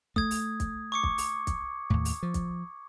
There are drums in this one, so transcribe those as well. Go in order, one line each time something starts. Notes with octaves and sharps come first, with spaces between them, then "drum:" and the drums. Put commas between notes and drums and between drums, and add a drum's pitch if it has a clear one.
A3 D#6 G#6, drum: kick
drum: open hi-hat
drum: kick, hi-hat
C#6 D6 C#7
drum: kick
drum: open hi-hat
drum: kick, hi-hat
D#2 A2, drum: kick
drum: open hi-hat
F3
drum: kick, hi-hat